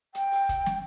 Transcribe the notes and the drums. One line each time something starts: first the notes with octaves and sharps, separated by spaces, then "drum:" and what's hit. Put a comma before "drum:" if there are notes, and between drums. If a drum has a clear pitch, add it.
G5, drum: hi-hat
drum: open hi-hat
drum: kick, hi-hat
drum: snare